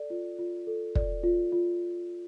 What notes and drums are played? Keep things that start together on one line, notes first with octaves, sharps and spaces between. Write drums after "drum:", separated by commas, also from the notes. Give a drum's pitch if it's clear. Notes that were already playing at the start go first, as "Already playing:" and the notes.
Already playing: A4 D5
F4
F4
A4
D5, drum: kick
F4
F4